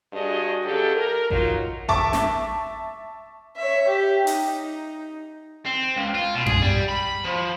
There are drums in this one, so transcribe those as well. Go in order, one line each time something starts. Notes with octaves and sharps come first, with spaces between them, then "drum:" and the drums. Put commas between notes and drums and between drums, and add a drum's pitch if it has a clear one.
G2 D4 F#4 G#4 D#5
C#3 F#3 G4 A4
A#4
F#3 D#4 F4, drum: kick A1
E5 A5 C#6 D6, drum: kick A1
drum: snare
C#5 E5
G4
D#4, drum: open hi-hat
C4
C#2
F4
B2
G#4, drum: tom F#2
G3
B5
F3